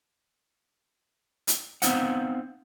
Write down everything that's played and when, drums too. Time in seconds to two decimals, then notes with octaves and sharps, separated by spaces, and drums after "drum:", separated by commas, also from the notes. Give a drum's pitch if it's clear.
1.47 drum: hi-hat
1.82 B3 C4 D#4 C5 F5 F#5, drum: hi-hat